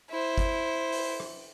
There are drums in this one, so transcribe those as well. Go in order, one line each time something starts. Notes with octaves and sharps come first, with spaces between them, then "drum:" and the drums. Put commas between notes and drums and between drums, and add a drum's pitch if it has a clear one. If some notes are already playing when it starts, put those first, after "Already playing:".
E4 C5
drum: kick G1, hi-hat
drum: open hi-hat
drum: rim click